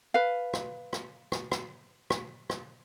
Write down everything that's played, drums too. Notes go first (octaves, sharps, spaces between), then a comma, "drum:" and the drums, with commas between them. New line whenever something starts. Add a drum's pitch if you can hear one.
B4 F5
drum: rim click
drum: rim click
drum: rim click
drum: rim click
drum: rim click
drum: rim click